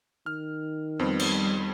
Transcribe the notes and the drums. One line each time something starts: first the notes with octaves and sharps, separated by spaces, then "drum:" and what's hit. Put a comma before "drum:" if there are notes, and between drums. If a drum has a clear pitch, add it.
D#3 F6
F2 G3 B3 C4
drum: cymbal